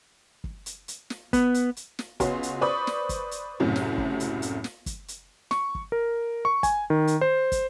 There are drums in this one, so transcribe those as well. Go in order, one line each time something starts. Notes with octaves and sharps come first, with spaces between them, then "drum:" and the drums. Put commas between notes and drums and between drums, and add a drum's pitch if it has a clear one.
drum: kick
drum: hi-hat
drum: hi-hat
drum: snare
B3, drum: kick, hi-hat
drum: hi-hat
drum: hi-hat
drum: snare
C#2 B3 F#4 C#5 C6, drum: kick, hi-hat
drum: hi-hat
B4 C5 D5 B5 C#6 D#6
drum: snare
drum: kick, hi-hat
drum: hi-hat
F#1 C2 F#2 A2 C3 F#3
drum: snare
drum: kick
drum: hi-hat
drum: hi-hat
drum: snare
drum: kick, hi-hat
drum: hi-hat
C#6, drum: snare
drum: kick
A#4
C#6
G#5, drum: kick, hi-hat
D#3
drum: hi-hat
C5
drum: kick, hi-hat